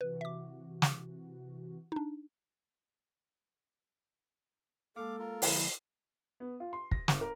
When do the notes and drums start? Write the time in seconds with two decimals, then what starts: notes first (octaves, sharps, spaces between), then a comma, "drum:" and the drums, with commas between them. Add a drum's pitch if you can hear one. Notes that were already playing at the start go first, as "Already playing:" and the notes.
0.01 C3 E3 F#4 B4
0.21 E5 D6
0.82 drum: snare
1.92 D4 D#4
4.96 G#3 A#3 A4 F5 D6
5.19 F4 A#4
5.42 D3 F3 E4, drum: open hi-hat
6.40 B3
6.60 F4
6.73 C6
6.91 A#6, drum: kick
7.08 G1, drum: snare
7.21 A#4